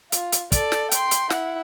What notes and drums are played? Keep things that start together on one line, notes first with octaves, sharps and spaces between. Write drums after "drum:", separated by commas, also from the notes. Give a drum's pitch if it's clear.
F4, drum: hi-hat
drum: hi-hat
A4 D5, drum: kick, hi-hat
drum: snare
G5 C6, drum: hi-hat
drum: hi-hat
E4 F#5, drum: snare